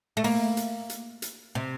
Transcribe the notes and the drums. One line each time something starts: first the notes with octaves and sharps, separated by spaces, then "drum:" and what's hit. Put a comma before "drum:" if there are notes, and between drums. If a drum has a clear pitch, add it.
A3
A#3, drum: open hi-hat
drum: hi-hat
drum: hi-hat
drum: hi-hat
C3